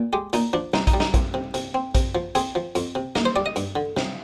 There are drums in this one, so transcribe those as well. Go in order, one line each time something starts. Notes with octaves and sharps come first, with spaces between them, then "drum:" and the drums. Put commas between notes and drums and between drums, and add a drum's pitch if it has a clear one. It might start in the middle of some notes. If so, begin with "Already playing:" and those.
Already playing: A#2
G#3 G4
A#2 D#4, drum: hi-hat
F3 D4
C2 D#4, drum: snare
D#4, drum: kick A#1, hi-hat
G3
D#4, drum: snare
C2, drum: kick A#1, hi-hat
C3
C3, drum: hi-hat
C4
C3, drum: kick A#1, hi-hat
F3
C4 G#4, drum: hi-hat
F3
F2, drum: hi-hat
C3
A#3 A#4, drum: snare
C5
G3 D5
D#5
G2, drum: hi-hat
D3
C3, drum: snare